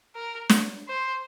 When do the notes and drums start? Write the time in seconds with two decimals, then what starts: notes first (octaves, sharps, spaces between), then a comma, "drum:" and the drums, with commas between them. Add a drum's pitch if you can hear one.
0.16 A#4
0.50 drum: snare
0.88 C5